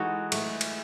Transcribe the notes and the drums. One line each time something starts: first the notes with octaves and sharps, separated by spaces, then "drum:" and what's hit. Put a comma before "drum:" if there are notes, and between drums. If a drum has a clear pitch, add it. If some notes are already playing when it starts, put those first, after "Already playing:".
Already playing: E3 G#3 D#4 F#4 A4
A3, drum: cymbal
drum: cymbal